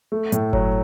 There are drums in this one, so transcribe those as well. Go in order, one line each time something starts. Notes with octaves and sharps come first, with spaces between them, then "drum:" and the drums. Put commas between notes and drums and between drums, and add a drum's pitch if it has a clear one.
A3
A2, drum: hi-hat
F#3, drum: kick G1